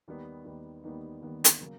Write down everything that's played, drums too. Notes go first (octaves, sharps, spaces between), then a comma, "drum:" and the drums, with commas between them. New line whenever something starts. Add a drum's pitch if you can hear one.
D#2 D#3 G3 B3 D#4
D#2 D#3 G3 B3 D#4
D#2 D#3 G3 B3 D#4
D#2 D#3 G3 B3 D#4
drum: hi-hat
C#3 F#3 A#3